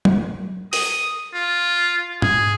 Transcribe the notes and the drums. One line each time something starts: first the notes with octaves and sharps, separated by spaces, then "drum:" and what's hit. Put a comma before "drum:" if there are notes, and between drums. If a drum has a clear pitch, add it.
drum: tom
D#6, drum: open hi-hat
F4
G#4, drum: tom G#2